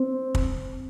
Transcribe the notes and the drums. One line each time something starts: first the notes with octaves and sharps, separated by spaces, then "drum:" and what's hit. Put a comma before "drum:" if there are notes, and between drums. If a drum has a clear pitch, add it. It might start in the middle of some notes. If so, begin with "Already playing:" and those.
Already playing: C4
drum: kick